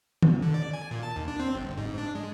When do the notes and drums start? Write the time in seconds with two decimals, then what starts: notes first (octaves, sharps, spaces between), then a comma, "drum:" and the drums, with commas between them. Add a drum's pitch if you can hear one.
0.22 drum: tom D#3
0.42 D3
0.54 D5
0.73 G#5
0.91 A#2
1.03 A5
1.16 D#2
1.28 D4
1.40 C4
1.55 G1
1.77 G#2
1.98 D4
2.15 G#3